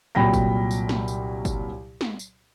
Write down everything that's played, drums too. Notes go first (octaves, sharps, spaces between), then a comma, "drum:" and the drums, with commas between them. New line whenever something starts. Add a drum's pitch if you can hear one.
C2 A#2 F#3 G5 B5 A#6
drum: kick, tambourine
drum: tambourine
drum: snare
drum: tambourine
drum: kick, tambourine
drum: snare
drum: tambourine